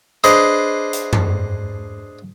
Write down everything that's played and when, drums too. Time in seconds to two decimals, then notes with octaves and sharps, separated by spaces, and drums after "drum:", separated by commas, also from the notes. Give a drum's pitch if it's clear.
0.24 D4 G#4 B4 C5 D#5, drum: hi-hat
0.93 drum: hi-hat
1.13 drum: tom F#2